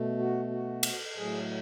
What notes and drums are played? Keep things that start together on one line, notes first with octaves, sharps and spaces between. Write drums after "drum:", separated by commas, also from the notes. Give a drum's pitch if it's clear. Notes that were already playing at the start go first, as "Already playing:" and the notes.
Already playing: B2 A3
F#4
F#4
drum: cymbal
A2 F#3 A3 G#4